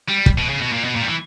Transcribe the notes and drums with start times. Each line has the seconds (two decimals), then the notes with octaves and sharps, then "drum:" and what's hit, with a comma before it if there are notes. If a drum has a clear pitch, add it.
0.09 G3
0.26 drum: kick
0.38 B2
0.49 C#3
0.61 B2
0.72 A#2
0.84 B2
0.95 A#2
1.01 G3
1.07 E3